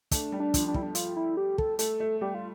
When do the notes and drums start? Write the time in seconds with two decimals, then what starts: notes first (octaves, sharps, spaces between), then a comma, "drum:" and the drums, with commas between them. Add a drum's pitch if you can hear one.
0.11 A3 D4, drum: kick, hi-hat
0.32 G3
0.40 D4
0.54 F3, drum: kick, hi-hat
0.68 D4
0.74 G3 E4, drum: kick
0.83 D4
0.95 F4, drum: hi-hat
1.16 E4
1.37 G4
1.58 A4, drum: kick
1.79 A3 A4, drum: hi-hat
2.00 A3
2.21 G3 G4
2.34 F4